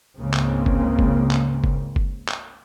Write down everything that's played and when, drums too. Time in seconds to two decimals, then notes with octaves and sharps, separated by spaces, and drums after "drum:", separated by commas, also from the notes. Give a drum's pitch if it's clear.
0.18 C#2 G#2 C#3 G#3 A#3 C4
0.34 drum: clap
0.66 drum: kick F#1
0.99 drum: kick F#1
1.31 drum: clap
1.64 drum: kick F#1
1.96 drum: kick F#1
2.29 drum: clap